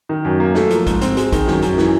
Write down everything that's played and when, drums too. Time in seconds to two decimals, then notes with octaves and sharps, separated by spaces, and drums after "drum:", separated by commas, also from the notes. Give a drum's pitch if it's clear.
0.09 D#3
0.25 F#2
0.40 A#3
0.55 A3, drum: snare
0.71 F3, drum: hi-hat
0.87 G#2, drum: kick, hi-hat
1.02 C4, drum: hi-hat
1.17 G#3, drum: hi-hat
1.32 D#3, drum: kick, hi-hat
1.48 F#2, drum: snare
1.62 F#2, drum: hi-hat
1.78 E3, drum: snare